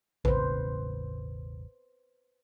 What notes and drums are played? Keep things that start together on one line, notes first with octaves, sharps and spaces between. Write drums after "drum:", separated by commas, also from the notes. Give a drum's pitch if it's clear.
E1 A1 C#3 B4 C5, drum: kick A#1